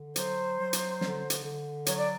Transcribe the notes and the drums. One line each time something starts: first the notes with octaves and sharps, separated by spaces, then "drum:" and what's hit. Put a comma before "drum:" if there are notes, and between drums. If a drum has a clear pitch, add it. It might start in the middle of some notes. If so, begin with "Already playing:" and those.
Already playing: D3
F#3 C5, drum: hi-hat
F#3
drum: hi-hat
D3, drum: snare
drum: hi-hat
D3
F#3 C#5, drum: hi-hat
D5